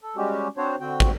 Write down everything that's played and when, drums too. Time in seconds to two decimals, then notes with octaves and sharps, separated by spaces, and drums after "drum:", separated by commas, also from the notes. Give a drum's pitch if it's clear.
0.01 A4
0.17 G3 G#3 C#4 F#4 G4
0.57 C4 D4 F#4 C5 C#5
0.80 D3 C4 F#4 G5
1.00 drum: kick